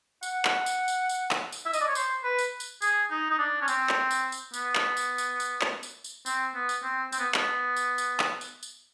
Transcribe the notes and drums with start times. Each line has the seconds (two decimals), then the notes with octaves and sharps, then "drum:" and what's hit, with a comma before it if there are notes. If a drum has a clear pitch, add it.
0.23 F#5, drum: tambourine
0.45 drum: clap
0.66 drum: tambourine
0.88 drum: tambourine
1.09 drum: tambourine
1.31 drum: clap
1.52 drum: tambourine
1.66 E5
1.73 D#5, drum: tambourine
1.81 D5
1.88 C#5
1.95 C5, drum: tambourine
2.24 B4
2.39 drum: tambourine
2.60 drum: tambourine
2.82 G#4, drum: tambourine
3.10 D#4
3.30 D#4
3.39 D4
3.61 C#4
3.68 C4, drum: tambourine
3.89 drum: clap
4.11 drum: tambourine
4.32 drum: tambourine
4.54 B3, drum: tambourine
4.75 drum: clap
4.97 drum: tambourine
5.18 drum: tambourine
5.40 drum: tambourine
5.61 drum: clap
5.83 drum: tambourine
6.04 drum: tambourine
6.26 C4, drum: tambourine
6.55 B3
6.69 drum: tambourine
6.83 C4
7.12 C4, drum: tambourine
7.19 B3
7.34 B3, drum: clap
7.77 drum: tambourine
7.98 drum: tambourine
8.20 drum: clap
8.41 drum: tambourine
8.63 drum: tambourine